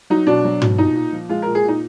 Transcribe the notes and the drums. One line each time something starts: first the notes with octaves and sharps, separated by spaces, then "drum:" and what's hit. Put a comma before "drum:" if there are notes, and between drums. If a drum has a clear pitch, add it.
F#3 D#4
B2 D4
F#3
B2, drum: tom
A#2 D#4
A#2
F3
G#3 F4
A#2 A#4
G#4
A#2 D#4